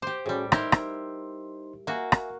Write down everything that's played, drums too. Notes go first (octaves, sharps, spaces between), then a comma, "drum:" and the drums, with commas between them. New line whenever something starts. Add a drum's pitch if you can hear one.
G4 C5 D6
A2 G3 C#4 F#4 G#4
D#4 E4 G4 A#4 C5 C6, drum: rim click
drum: rim click
A#3 F#4 E5 G#5
drum: rim click